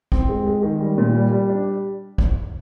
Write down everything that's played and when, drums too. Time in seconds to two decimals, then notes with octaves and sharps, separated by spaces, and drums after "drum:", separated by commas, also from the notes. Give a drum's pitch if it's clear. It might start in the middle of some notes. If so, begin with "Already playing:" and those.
0.12 C4, drum: kick
0.29 G#3
0.47 G#3
0.63 D#3
0.80 G3
0.98 A#2
1.15 G3
1.32 G3
1.50 D4
2.18 drum: kick